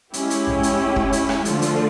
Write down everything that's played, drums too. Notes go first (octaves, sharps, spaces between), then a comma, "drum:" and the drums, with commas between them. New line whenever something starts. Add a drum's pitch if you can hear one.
G#3 C#4 E4 G4, drum: hi-hat
drum: hi-hat
drum: tom A#1
drum: hi-hat
drum: kick
drum: hi-hat
drum: rim click
D3 F3 A3, drum: hi-hat
drum: hi-hat